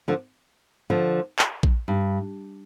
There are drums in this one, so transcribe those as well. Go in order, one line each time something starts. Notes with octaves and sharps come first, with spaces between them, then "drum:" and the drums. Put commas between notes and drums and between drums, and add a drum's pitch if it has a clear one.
D3 F3
D3 F3
drum: clap
drum: kick A#1
G2